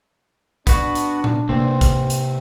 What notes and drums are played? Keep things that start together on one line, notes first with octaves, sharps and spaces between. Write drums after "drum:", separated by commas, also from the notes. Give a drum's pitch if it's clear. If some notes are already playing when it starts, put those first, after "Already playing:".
B3 D4 F#4, drum: kick, hi-hat
drum: hi-hat
drum: tom A#2
C3 A#3 C4
drum: kick, hi-hat
drum: hi-hat